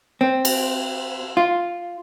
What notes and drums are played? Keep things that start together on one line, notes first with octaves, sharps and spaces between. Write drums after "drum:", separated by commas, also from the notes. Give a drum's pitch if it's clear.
C4
drum: cymbal
F4